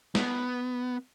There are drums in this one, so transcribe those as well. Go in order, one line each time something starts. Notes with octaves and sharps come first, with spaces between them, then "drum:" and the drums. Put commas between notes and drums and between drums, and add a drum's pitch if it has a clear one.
B3, drum: snare